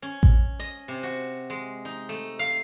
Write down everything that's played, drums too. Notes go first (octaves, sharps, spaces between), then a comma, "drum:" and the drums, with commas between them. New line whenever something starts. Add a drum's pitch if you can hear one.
C#4
drum: kick A1
D#5
C3
F#4
G#3
D#4
A3
F5